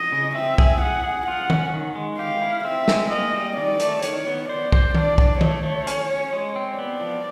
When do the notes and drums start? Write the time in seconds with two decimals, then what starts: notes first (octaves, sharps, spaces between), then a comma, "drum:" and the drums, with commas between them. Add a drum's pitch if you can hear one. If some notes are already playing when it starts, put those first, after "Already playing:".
Already playing: D#5
0.12 C#3
0.35 C4 E5
0.58 G#4, drum: kick
0.82 G#4 F#5
1.04 G#4
1.27 F4 F#5
1.50 C#4, drum: tom D#3
1.74 D#3
1.96 G#3
2.18 G4 F5
2.41 E4
2.64 C4 E5
2.88 G#3, drum: snare
3.11 A#3 D#5
3.34 G3
3.57 D#3 D5
3.80 A3, drum: hi-hat
4.02 D#3 C#5, drum: hi-hat
4.26 B3
4.49 C5 D5
4.72 C5, drum: kick
4.95 D4 D5, drum: tom D#3
5.18 D4, drum: kick
5.41 A3 C#5, drum: tom D#3
5.63 A3
5.87 C#4, drum: hi-hat
6.10 C#4
6.33 G#3
6.56 C4
6.78 B3 D5
7.01 F3